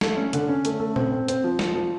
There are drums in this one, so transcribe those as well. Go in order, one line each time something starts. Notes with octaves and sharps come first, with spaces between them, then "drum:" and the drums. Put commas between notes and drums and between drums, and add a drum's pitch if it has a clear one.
A3, drum: snare
C#4
D3, drum: hi-hat
C#4
A3, drum: hi-hat
A3
C4, drum: tom A#2
C4
C4, drum: hi-hat
F3
F3, drum: snare
F3